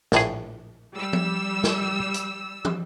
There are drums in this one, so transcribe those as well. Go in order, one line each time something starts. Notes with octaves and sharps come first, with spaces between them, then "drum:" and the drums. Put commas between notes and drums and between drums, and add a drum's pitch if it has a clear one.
A#1 A2 G#4, drum: snare
G3 E6
drum: tom F3
drum: snare
drum: hi-hat
drum: tom